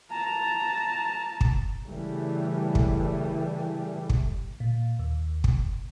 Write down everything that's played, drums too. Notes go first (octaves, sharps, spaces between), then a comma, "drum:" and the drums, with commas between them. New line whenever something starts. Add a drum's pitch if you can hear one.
A5 A#5
drum: kick
C#3 E3 G3 A3
drum: kick
drum: kick
A#2
D#2
drum: kick